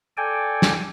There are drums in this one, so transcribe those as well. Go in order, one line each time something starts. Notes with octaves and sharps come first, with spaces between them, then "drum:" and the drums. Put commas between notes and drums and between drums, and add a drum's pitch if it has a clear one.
A4 D5 G5 G#5
drum: snare